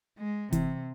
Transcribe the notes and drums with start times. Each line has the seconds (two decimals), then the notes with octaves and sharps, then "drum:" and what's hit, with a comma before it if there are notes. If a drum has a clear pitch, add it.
0.19 G#3
0.52 C3 E3, drum: kick, hi-hat